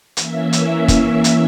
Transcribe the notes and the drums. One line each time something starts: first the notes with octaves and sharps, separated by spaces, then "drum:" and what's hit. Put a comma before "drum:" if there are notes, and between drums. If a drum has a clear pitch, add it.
E3 A#3 C#4 E5, drum: hi-hat
drum: hi-hat
E5
drum: kick, hi-hat
drum: hi-hat